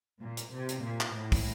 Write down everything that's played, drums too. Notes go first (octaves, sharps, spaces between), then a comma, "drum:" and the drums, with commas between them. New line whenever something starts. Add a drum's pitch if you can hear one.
A#2
drum: hi-hat
C3
drum: hi-hat
A#2
drum: clap
A2
drum: kick, open hi-hat